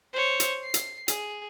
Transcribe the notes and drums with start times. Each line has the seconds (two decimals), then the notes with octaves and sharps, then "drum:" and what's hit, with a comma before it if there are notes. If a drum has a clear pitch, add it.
0.13 C5 C#5
0.40 drum: hi-hat
0.64 C7
0.74 drum: hi-hat
1.08 G#4, drum: hi-hat